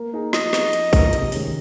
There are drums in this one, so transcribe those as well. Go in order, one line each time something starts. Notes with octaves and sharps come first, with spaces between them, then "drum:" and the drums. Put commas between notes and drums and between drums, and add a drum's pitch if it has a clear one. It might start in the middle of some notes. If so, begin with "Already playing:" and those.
Already playing: A#3
D#4 G#4
F3 D#5, drum: snare
C4 D#4 G#4, drum: snare
F3, drum: hi-hat
A#3 D#4, drum: kick, open hi-hat
C3, drum: hi-hat
D#3 G#3 C#4, drum: open hi-hat